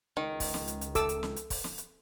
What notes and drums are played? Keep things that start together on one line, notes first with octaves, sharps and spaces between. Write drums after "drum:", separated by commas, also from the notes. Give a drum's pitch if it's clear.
C#2 D#3
drum: kick, open hi-hat
drum: snare
drum: hi-hat
drum: hi-hat
A4 D6 E6, drum: kick, hi-hat
drum: hi-hat
drum: snare
drum: hi-hat
drum: kick, open hi-hat
drum: snare
drum: hi-hat